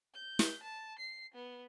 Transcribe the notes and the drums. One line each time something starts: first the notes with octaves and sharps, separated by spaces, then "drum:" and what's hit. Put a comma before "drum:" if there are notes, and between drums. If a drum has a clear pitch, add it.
G6
drum: snare
A5
C7
B3